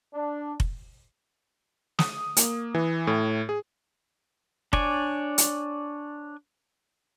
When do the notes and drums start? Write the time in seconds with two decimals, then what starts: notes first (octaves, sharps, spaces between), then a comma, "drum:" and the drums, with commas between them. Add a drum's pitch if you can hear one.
0.14 D4
0.60 drum: kick F1
1.99 D#6, drum: snare
2.37 A#3, drum: hi-hat
2.75 E3
3.07 A2
3.49 G#4
4.73 D4 C#5 D5 G#5, drum: kick F1
5.38 drum: hi-hat